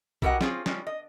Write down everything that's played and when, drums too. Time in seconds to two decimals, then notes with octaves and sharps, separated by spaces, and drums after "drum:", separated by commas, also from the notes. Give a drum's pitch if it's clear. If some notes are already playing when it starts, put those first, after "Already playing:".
0.22 E4 F#4 G4 A#4 D#5 F#5, drum: kick B1
0.41 C4 C#4 F4 G#4, drum: snare
0.66 G3 G#3 C#4 F4, drum: snare
0.87 D#5